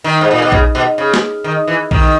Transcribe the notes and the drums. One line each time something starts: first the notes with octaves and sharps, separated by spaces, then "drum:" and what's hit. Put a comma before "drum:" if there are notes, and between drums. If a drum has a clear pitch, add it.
D#3
G#2
A#2
B2
C#3, drum: kick A#1
B2
C#3
drum: snare
D#3
E3
D#3, drum: kick A#1